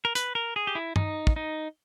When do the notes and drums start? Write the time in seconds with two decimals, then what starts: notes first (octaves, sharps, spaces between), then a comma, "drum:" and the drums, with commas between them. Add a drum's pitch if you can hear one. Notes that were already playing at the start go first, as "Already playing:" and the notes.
0.05 A#4
0.15 B4, drum: hi-hat
0.35 A#4
0.56 G#4
0.67 G4
0.75 E4
0.96 D#4, drum: tom
1.27 drum: kick
1.36 D#4